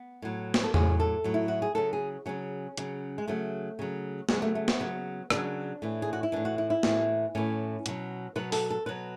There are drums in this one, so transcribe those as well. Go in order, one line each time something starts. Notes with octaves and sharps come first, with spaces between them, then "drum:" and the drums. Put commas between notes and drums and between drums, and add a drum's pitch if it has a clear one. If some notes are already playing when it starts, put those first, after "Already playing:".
Already playing: B3
A2 F#3
drum: snare
A4
A2 F#3 G#4, drum: tom E2
A4
A2 F#3
E4
F#4
G#4
C#3 F#3 A4
G#4
C#3 F#3 C#4
C#3 F#3, drum: hi-hat
G#3
C#3 F#3 A3
C#3 F#3
C#3 F#3 G#3, drum: snare
A3
A3
B3, drum: snare
C#3 F#3
C#3 F#3 D4, drum: rim click
A2 E3
G#4
F#4
E4
A2 E3 D4
F#4
E4
E4
A2 E3, drum: snare
A2 E3 C#4
B2 F#3, drum: hi-hat
B2 F#3 B4
A4, drum: open hi-hat
A4
B2 F#3 B4